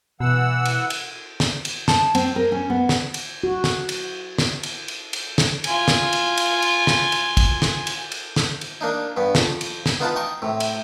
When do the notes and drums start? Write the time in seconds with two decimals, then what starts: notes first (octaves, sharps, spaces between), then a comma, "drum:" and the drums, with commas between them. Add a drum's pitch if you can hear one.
0.20 B2 E3 F#5 E6
0.65 drum: cymbal
0.90 drum: cymbal
1.40 drum: snare
1.65 drum: cymbal
1.88 A5, drum: snare
2.15 C4, drum: cymbal
2.36 A#4
2.52 C#4
2.70 B3
2.89 drum: snare
3.14 drum: cymbal
3.44 F#4
3.64 drum: snare
3.89 drum: cymbal
4.38 drum: snare
4.63 drum: cymbal
4.88 drum: cymbal
5.13 drum: cymbal
5.38 drum: snare
5.64 F4 G#5, drum: cymbal
5.88 drum: snare
6.13 drum: cymbal
6.37 drum: cymbal
6.62 drum: cymbal
6.87 drum: snare
7.12 drum: cymbal
7.37 drum: kick, cymbal
7.62 drum: snare
7.87 drum: cymbal
8.12 drum: cymbal
8.36 drum: snare
8.61 drum: cymbal
8.81 A#3 D4 D#4
9.17 G2 B3
9.35 F2, drum: snare
9.61 drum: cymbal
9.86 drum: snare
10.00 B3 D#4 F4 B4 A5
10.16 D#4 G5 C#6 D#6
10.42 A2 C3
10.60 drum: cymbal